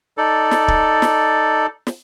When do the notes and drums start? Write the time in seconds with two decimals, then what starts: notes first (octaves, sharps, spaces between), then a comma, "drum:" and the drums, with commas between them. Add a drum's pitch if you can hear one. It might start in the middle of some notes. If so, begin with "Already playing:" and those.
0.18 D#4 A4 D5
0.51 drum: snare
0.68 drum: kick
1.02 drum: snare
1.87 drum: snare